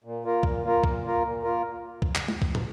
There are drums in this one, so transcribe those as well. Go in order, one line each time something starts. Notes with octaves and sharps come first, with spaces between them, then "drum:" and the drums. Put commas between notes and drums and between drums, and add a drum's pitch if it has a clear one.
A#2
A#3 F4 A#4
A#2, drum: kick
A#3 F4 A#4
A#2, drum: kick
A#3 F4 A#4
A#2
A#3 F4 A#4
drum: kick
drum: clap
drum: tom
drum: kick
drum: tom